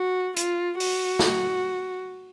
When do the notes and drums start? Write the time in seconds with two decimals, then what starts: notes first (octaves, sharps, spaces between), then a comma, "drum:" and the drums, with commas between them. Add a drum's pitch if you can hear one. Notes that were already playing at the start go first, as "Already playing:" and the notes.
Already playing: F#4
0.37 F4, drum: hi-hat
0.80 F#4, drum: open hi-hat
1.19 drum: snare